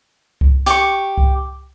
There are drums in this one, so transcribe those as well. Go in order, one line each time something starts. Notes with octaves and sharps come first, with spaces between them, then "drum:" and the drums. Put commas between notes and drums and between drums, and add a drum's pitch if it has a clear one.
drum: kick C2
G4 C#6, drum: hi-hat
drum: kick C2